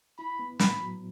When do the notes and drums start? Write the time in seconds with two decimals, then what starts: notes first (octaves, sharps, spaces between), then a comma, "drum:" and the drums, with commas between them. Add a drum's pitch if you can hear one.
0.19 E4 B5
0.39 B3
0.59 A2 B5, drum: snare
0.81 F#3